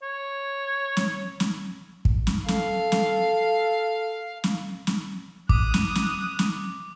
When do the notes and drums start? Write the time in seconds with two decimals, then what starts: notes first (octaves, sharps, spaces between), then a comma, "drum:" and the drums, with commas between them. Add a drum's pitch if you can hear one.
0.03 C#5
0.97 drum: snare
1.40 drum: snare
2.05 drum: kick
2.27 drum: snare
2.48 A4 F5, drum: snare
2.92 drum: snare
4.44 drum: snare
4.87 drum: snare
5.49 D6 D#6 F#6, drum: kick
5.74 drum: snare
5.95 drum: snare
6.39 drum: snare